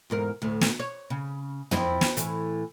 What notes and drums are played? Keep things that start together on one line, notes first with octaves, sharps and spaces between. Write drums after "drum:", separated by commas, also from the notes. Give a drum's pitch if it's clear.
E2 G#2 A#4
D2 A2
drum: snare
C#5
C#3
F3 C4 E4, drum: tom
drum: snare
A2 E3, drum: hi-hat